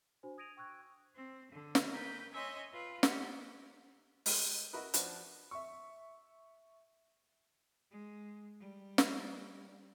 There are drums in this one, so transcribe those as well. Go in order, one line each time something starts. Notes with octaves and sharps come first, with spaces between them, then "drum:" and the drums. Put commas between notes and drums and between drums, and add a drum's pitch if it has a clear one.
D4 F#4 C5 G#5
D#6 G#6 A#6 D7 D#7 F7
G5 C#6 E6 F#6 G#6
C4
D3
drum: snare
A#4 B4 G5 G6
C#5 D#5 E5 G#5 C6
F4 B4
G4 F#5 C6, drum: snare
G#3 G4, drum: open hi-hat
E4 F#4 A#4 B4 D#5
F3 D4 F#4 B4, drum: hi-hat
E5 C#6
G#3
G3
drum: snare